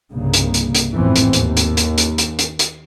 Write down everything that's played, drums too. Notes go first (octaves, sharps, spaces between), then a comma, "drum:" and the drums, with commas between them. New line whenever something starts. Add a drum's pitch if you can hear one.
C2 G2 C#3 A#3
drum: hi-hat
drum: hi-hat
drum: hi-hat
G#1 F2 A2 E3 B3 C4
drum: hi-hat
D#2, drum: hi-hat
drum: hi-hat
drum: hi-hat
drum: hi-hat
drum: hi-hat
drum: hi-hat
drum: hi-hat